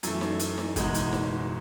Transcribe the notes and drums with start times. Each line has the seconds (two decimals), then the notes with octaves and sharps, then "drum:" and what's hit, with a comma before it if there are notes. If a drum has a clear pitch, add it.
0.03 F#2 E3 A3, drum: hi-hat
0.21 drum: snare D#4
0.39 drum: hi-hat
0.58 drum: snare D#4
0.76 F#1 E2 B2 G#3 D#4, drum: kick, hi-hat
0.94 drum: hi-hat
1.13 drum: snare D#4